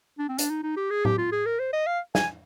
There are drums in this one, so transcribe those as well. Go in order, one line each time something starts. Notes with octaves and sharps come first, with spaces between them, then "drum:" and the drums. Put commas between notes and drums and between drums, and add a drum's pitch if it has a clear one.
D4
C4
D4, drum: hi-hat
D#4
D#4
G4
G#4
G4, drum: tom A2
F4
G#4
A#4
C5
D#5
F5
G#5, drum: snare